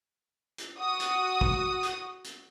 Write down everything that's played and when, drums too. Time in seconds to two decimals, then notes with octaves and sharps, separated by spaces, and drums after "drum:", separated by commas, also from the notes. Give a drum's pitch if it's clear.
0.58 drum: hi-hat
0.79 F#4 D#6
1.00 drum: hi-hat
1.41 drum: kick
1.83 drum: hi-hat
2.24 drum: hi-hat